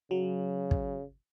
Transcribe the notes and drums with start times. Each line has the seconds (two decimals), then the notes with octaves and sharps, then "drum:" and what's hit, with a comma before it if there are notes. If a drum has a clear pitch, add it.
0.11 C#3 F#3
0.71 drum: kick